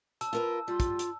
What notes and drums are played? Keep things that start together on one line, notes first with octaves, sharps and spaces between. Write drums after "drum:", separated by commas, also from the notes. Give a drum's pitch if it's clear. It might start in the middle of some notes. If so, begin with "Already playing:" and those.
A5 E6, drum: hi-hat
F4 A#4 B4
G3 F4
drum: kick, hi-hat
drum: hi-hat